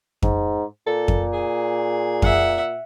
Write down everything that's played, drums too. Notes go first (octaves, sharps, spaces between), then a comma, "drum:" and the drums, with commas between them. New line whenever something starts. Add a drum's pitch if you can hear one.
G#2, drum: kick F2
A#2 A4
drum: kick F2
G#4
E5 F#5, drum: kick F2